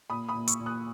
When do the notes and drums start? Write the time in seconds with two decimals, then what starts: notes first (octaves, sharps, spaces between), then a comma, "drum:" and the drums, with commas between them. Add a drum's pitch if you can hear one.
0.10 A#2 B5 D#6
0.29 B5 D#6
0.35 A#2
0.47 C#6 E6, drum: hi-hat
0.60 A#2
0.66 D#6 F#6